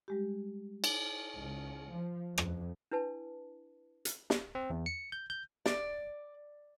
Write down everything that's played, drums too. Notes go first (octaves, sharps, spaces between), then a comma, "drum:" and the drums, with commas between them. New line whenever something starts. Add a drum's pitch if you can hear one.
G3 G#3 G4
drum: cymbal
C#2
F3
F2, drum: rim click
D4 E4 B4 A5
drum: hi-hat
drum: snare
C4
E2
C#7
G6
G6
D5, drum: snare